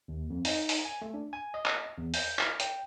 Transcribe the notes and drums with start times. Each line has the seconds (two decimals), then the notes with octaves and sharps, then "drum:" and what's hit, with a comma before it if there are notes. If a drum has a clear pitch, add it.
0.08 D#2
0.30 F2
0.45 D#4, drum: open hi-hat
0.69 drum: open hi-hat
0.85 G#5
1.02 A3
1.14 D4
1.33 G#5
1.54 D#5
1.66 drum: clap
1.98 E2
2.14 G6, drum: open hi-hat
2.39 F6, drum: clap
2.60 G5, drum: hi-hat